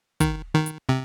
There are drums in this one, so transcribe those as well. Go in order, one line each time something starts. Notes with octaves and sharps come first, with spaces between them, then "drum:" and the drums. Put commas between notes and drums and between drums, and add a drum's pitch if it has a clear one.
D#3, drum: kick, hi-hat
D#3
drum: hi-hat
C3